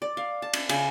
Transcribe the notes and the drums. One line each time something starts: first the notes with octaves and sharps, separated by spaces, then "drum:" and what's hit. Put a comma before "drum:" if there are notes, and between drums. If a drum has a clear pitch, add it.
D5
F5
A5
drum: cymbal
C#3, drum: cymbal